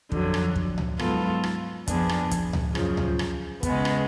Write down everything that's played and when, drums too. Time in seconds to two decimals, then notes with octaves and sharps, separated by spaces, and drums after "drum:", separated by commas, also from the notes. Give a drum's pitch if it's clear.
0.12 F2 D3 F#3, drum: kick
0.34 drum: rim click
0.56 drum: kick
0.78 drum: tom C#2
0.99 G#2 F#3 B3 F4 A4, drum: rim click
1.44 drum: rim click
1.87 F2 F3 B3 D4 G#4, drum: kick, hi-hat
2.09 drum: rim click
2.31 drum: kick, hi-hat
2.53 drum: tom C#2
2.75 F#2 C#3 F3, drum: rim click
2.97 drum: tom C#2
3.19 drum: rim click
3.63 C#3 G#3 B3, drum: kick, hi-hat
3.85 drum: rim click